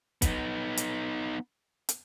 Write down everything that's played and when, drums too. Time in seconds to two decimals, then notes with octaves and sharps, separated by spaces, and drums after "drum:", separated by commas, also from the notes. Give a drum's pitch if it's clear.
0.22 B3 D#4, drum: kick, hi-hat
0.77 drum: hi-hat
1.89 drum: hi-hat